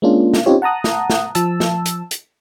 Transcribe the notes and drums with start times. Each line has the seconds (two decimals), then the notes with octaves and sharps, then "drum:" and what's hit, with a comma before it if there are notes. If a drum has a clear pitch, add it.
0.02 G#3 A#3 C#4 D4 F4
0.34 drum: snare
0.46 C4 C#4 D#4 F4 G4 C#5
0.62 F#5 A5 A#5 D#6 F#6
0.84 drum: snare
1.10 drum: snare
1.35 F3 A5 E6, drum: hi-hat
1.60 drum: snare
1.86 drum: hi-hat
2.11 drum: hi-hat